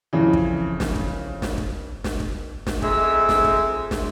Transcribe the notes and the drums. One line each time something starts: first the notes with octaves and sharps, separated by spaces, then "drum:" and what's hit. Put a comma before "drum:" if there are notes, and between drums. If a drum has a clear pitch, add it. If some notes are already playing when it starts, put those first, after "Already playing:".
F2 C#3 E3
drum: kick
drum: snare
drum: kick
drum: snare
drum: kick
drum: snare
drum: kick
drum: snare
F2 G#3 G#4 E5, drum: kick
drum: snare
drum: kick
drum: snare